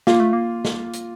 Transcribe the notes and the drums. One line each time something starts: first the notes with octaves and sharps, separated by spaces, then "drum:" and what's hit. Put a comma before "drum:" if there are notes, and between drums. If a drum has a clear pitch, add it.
A#3 F4, drum: snare
A3
A#3
drum: snare
drum: hi-hat